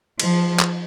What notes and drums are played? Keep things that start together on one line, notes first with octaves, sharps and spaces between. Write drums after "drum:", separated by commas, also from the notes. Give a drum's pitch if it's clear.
F3, drum: cymbal
drum: clap